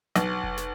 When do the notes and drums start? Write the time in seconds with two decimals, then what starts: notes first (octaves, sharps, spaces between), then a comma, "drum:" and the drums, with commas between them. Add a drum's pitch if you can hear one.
0.16 B1, drum: snare
0.44 drum: kick F1
0.57 drum: snare